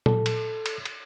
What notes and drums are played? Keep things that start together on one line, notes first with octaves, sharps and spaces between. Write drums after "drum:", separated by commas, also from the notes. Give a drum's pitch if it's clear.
A4, drum: tom A#2
drum: cymbal
drum: cymbal
drum: cymbal